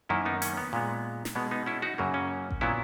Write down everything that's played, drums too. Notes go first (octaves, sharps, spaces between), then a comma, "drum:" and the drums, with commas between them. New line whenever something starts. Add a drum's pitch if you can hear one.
F#2 D#3 A#3 C#4 E4
B3 D#4
C#4, drum: hi-hat
B3
A#2 G#3 B3
drum: snare
B2 G#3 B3
B3 D#4
C#4 E4
D#4 F#4
F#2 C#3 F#3 A#3
C#4
drum: kick A1
A#2 F#3 B3 C#4 E4